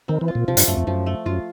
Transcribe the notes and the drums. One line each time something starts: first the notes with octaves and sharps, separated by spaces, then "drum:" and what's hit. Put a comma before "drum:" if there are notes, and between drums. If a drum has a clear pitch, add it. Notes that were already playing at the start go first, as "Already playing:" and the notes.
D#3 C4
E3
F4
A#2
C3 F3
G2, drum: hi-hat
F#2 A3
F2
F#2 F3
A3
F#2 F4